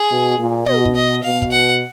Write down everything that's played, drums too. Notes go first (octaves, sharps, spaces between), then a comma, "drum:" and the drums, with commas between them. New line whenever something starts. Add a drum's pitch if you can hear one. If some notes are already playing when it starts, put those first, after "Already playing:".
Already playing: G#4
B2
A#2
B2 D#5, drum: tom
drum: kick
D#5
B2 F5
drum: kick
F#5